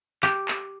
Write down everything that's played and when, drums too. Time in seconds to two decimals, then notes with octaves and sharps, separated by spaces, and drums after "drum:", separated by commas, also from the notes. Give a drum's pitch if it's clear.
0.23 G4, drum: clap
0.48 drum: clap